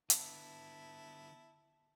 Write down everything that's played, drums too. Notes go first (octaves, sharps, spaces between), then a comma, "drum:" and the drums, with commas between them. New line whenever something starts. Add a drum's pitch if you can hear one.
D3 B3 E4 A5, drum: hi-hat